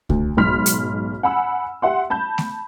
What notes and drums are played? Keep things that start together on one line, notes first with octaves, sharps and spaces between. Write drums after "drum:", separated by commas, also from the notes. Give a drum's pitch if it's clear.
D2, drum: kick C2
B1 G#2 B5 C6 F6 B6
drum: hi-hat
F#5 G#5 B5 E6
G4 E5 F#5 C6
A5 B5 G6
drum: snare A3